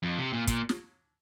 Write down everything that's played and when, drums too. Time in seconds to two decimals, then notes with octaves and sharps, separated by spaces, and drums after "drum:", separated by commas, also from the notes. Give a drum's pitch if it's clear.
0.03 F2
0.18 C3
0.33 A#2
0.47 A#2, drum: kick, hi-hat
0.69 drum: snare